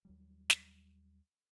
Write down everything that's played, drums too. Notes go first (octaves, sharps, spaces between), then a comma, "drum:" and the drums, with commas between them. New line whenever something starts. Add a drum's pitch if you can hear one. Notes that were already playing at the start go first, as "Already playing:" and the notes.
D#2 F#3 G3
drum: snare